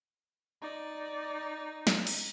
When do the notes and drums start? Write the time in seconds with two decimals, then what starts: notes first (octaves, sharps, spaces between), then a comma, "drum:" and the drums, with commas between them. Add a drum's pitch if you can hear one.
0.62 D#4 D5
1.87 drum: snare
2.07 drum: cymbal